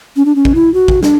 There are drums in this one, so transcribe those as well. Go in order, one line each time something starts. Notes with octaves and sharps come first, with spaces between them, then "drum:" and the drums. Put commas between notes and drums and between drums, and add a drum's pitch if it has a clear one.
C#4
D4
C#4
drum: kick
E4
F#4
drum: kick
D4, drum: snare